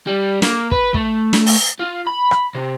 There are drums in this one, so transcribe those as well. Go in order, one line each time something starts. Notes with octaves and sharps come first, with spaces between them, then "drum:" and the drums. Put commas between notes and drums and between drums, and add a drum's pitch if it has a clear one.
G3
A#3, drum: snare
B4, drum: kick
A3, drum: kick
drum: snare
drum: open hi-hat
F4
B5
drum: rim click
C3